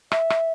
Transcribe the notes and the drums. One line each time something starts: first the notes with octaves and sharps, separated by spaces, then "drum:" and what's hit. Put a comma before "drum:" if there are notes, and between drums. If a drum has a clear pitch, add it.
E5, drum: rim click
drum: rim click